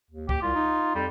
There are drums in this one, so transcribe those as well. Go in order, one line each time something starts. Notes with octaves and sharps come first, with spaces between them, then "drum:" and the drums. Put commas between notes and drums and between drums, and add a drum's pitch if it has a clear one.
D#2
G4, drum: kick
C2 F4
D#4
F2 G3